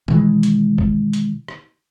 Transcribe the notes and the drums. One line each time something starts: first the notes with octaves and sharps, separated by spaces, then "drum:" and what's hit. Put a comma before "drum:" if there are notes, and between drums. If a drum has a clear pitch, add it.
B2 D#3 E3 G#3, drum: tom B2
drum: hi-hat
drum: kick
drum: hi-hat
drum: rim click